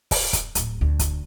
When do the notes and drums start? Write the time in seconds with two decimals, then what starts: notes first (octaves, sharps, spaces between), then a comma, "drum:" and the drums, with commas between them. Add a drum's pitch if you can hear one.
0.11 drum: kick, open hi-hat
0.33 drum: kick, hi-hat
0.55 D1, drum: hi-hat
0.81 D2
0.99 drum: kick, hi-hat